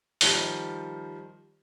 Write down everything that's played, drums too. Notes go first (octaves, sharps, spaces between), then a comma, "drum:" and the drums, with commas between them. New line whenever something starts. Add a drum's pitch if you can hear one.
D#3 F3 G3, drum: open hi-hat